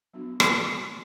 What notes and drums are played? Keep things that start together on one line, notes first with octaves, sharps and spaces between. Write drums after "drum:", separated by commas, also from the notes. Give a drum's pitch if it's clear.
F#3 B3 D4 F#4
drum: rim click